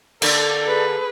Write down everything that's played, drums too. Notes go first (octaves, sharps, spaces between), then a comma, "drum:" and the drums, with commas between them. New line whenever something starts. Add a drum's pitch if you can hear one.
D3 A#3 A4 D5, drum: cymbal
G#4 B4